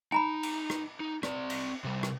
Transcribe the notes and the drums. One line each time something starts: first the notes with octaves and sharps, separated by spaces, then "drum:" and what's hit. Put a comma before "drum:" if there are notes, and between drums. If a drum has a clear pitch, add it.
D#4 G#5 A#5 B5
drum: cymbal
drum: rim click
D#4
C4 D5, drum: rim click
drum: cymbal
C3 G3
drum: rim click